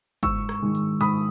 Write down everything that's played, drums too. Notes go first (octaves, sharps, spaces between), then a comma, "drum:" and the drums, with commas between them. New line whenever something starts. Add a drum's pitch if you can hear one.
G#2 C#6 E6, drum: kick, hi-hat
drum: rim click
D#3 G#3
drum: hi-hat
G#2 B5 D#6, drum: hi-hat